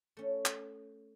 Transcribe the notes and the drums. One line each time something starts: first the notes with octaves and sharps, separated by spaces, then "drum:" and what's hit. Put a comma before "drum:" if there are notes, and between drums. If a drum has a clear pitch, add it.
A3 C#4
drum: clap